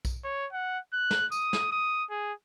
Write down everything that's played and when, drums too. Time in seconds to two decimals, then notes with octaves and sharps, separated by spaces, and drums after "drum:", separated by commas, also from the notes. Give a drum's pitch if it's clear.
0.05 drum: kick B1, tambourine
0.24 C#5
0.52 F#5
0.93 F#6
1.11 drum: snare
1.32 D#6, drum: tambourine
1.53 drum: snare
1.72 D#6
2.10 G#4